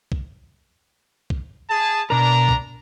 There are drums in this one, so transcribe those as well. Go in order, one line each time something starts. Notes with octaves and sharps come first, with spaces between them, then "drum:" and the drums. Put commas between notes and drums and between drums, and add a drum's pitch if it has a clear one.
drum: kick
drum: kick
G#4 A5
B2 D4 A#4 A#5
drum: kick